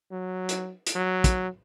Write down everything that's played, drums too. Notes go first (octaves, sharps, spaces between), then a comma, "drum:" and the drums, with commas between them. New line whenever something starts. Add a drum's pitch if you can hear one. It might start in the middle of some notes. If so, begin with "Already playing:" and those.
F#3
drum: hi-hat
drum: hi-hat
F#3
drum: kick, hi-hat